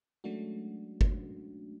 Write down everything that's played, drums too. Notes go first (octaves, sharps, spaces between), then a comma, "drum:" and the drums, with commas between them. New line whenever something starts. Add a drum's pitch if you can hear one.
F#3 G#3 A3 C#4 D4 F#4
drum: kick G1